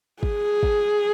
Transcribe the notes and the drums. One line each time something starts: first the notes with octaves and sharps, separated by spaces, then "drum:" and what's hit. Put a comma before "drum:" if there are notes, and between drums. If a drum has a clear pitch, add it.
G#4, drum: kick
drum: kick